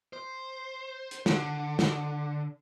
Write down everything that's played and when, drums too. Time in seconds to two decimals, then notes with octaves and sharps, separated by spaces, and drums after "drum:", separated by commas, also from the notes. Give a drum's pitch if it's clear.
0.13 C5
1.11 drum: hi-hat
1.26 D3, drum: snare
1.79 drum: snare